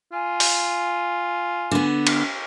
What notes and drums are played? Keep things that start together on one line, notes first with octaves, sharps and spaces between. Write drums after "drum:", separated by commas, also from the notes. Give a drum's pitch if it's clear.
F4 G#5
drum: open hi-hat
D3 B3
drum: cymbal